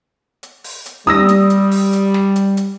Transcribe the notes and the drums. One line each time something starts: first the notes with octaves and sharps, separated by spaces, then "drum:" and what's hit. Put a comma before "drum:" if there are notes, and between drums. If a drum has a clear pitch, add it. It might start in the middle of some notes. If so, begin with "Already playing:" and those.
drum: hi-hat
drum: open hi-hat
drum: hi-hat
G3 D#6 E6 A#6, drum: tom
drum: hi-hat
drum: hi-hat
drum: open hi-hat
drum: hi-hat
drum: snare
drum: hi-hat
drum: hi-hat